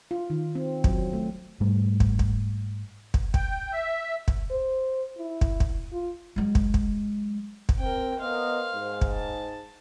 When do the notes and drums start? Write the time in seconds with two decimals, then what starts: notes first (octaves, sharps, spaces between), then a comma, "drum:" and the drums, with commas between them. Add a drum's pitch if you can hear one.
0.11 F4
0.30 D#3
0.55 C4
0.84 F#3, drum: kick
1.13 A3
1.60 G#2 G3 A3
2.00 drum: kick
2.19 drum: kick
3.14 drum: kick
3.34 G5, drum: kick
3.72 E5
4.28 drum: kick
4.51 C5
5.18 E4
5.41 drum: kick
5.60 drum: kick
5.93 F4
6.36 F#3 G#3
6.55 drum: kick
6.74 drum: kick
7.69 drum: kick
7.79 C4 A#4 G5
8.20 B3 A#4 C5 D#5 F5
8.74 G#2
9.01 drum: kick
9.12 A5